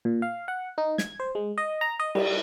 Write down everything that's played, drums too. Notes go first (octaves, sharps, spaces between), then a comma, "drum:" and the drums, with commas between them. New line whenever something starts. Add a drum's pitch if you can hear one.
A#2
F5
F#5
D#4
G#6, drum: snare
C5
G#3
D#5
A#5
D#5
G3, drum: cymbal